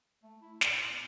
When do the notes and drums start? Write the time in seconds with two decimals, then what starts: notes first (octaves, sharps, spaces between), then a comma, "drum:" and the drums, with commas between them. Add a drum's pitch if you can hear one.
0.23 A3
0.42 E4
0.61 A#2, drum: snare
0.89 B3